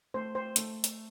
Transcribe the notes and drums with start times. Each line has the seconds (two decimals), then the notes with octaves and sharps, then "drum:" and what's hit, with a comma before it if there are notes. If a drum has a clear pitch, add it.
0.14 A3 C5
0.35 C5
0.56 A3, drum: hi-hat
0.84 drum: hi-hat